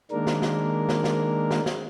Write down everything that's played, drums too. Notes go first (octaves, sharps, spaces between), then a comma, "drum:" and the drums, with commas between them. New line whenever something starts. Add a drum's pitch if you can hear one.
D#3 G#3 A#3 D4 A#4
drum: snare
drum: snare
drum: snare
drum: snare
drum: snare
drum: snare